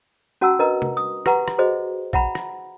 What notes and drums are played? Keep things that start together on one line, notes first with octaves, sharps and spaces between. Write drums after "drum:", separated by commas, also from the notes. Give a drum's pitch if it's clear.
C#4 F#4 F#5 A5 A#5 E6
D4 A#4 B4 D#5 A#5
drum: tom C3
D#6
G4 B4 F#5 A#5, drum: rim click
drum: rim click
F#4 G#4 C5 D#5
E5 F#5 A#5 B5, drum: kick
drum: rim click